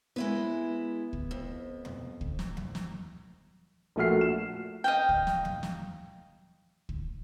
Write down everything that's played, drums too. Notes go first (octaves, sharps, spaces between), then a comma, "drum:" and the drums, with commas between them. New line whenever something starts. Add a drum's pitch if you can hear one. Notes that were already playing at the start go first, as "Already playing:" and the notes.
G#3 B3 E4 B4
drum: kick
F2
drum: tom
drum: kick
drum: snare
drum: tom
drum: snare
A#1 A#2 A3 F#4 F6 C7
E7
D#5 F5 G5
drum: kick
drum: snare
drum: tom
drum: snare
drum: kick